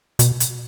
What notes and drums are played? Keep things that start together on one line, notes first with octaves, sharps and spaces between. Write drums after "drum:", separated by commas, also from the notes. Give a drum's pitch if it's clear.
B2, drum: hi-hat
drum: hi-hat